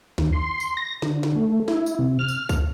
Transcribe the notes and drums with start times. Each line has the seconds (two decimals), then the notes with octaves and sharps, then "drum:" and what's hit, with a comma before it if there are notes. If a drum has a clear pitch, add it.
0.18 D#2, drum: snare
0.32 C6
0.60 drum: tambourine
0.77 A#6
1.02 D3, drum: snare
1.23 drum: snare
1.36 A3
1.68 E4, drum: snare
1.86 drum: tambourine
1.99 C3
2.19 F6
2.28 drum: tambourine
2.49 drum: kick C2, tambourine